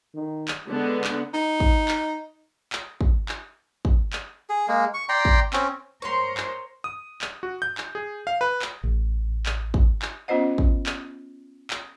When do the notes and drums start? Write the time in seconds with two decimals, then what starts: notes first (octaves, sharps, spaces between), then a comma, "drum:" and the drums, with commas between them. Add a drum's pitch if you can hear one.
0.14 D#3
0.48 drum: clap
0.68 D3 G#3 B3
1.04 drum: clap
1.34 D#4
1.60 drum: kick
1.88 drum: clap
2.73 drum: clap
3.01 drum: kick
3.29 drum: clap
3.85 drum: kick
4.13 drum: clap
4.49 G#4
4.68 G#3 A#3
4.94 C#6
5.09 D5 G5 A#5 C6
5.25 drum: kick
5.53 C4 C#4, drum: clap
6.02 A#4 C5 C#5 C6
6.37 drum: clap
6.84 D#6
7.21 drum: clap
7.43 F#4
7.62 G6
7.78 drum: clap
7.95 G#4
8.27 F5
8.41 B4
8.62 drum: clap
8.83 A1
9.46 drum: clap
9.74 drum: kick
10.02 drum: clap
10.28 B3 C#4 F4 C5 D#5 F#5
10.58 drum: kick
10.86 drum: clap
11.70 drum: clap